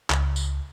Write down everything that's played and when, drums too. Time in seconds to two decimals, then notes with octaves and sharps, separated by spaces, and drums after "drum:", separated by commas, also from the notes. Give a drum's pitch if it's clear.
0.10 C#2, drum: clap
0.36 drum: tambourine